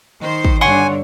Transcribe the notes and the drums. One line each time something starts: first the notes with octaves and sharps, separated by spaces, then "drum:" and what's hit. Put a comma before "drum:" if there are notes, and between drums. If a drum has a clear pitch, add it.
D#3 D#4 C5
drum: kick
G2 D3 C#5 F#5 G#5 C6 C#6